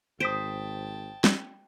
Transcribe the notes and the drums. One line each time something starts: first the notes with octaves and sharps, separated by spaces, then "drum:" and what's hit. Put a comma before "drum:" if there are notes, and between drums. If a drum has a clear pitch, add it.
G#1 C5 G5 A5 D#6 B6 D7
drum: snare